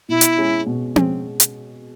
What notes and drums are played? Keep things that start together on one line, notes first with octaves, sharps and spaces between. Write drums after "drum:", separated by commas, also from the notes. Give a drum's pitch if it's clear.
B2 E4
drum: hi-hat
G#3 C#4
B2
G#3 C#4, drum: tom C4
drum: hi-hat